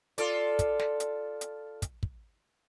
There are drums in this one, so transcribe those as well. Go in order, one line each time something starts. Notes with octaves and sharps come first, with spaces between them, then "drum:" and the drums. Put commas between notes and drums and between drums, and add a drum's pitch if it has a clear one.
F4 A4 D5, drum: hi-hat
drum: kick, hi-hat
drum: snare
drum: hi-hat
drum: hi-hat
drum: kick, hi-hat
drum: kick